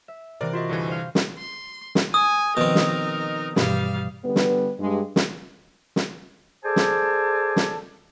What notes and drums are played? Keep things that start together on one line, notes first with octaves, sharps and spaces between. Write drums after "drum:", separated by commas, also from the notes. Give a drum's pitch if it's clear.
E5
C3 E3 A#4 D5
F4 F#4 D#5 C6
G2 D3 E3
C5 F5
drum: snare
C6
drum: snare
G#5 D#6
B2 D#3 F3 C4 D#4 A#4
drum: snare
G2 B2 E3 G3 F5, drum: snare
D3 G3 B3 B4
drum: snare
G2 G#3
drum: snare
drum: snare
G#4 A4 C5 D5 G#5 A5
drum: snare
drum: snare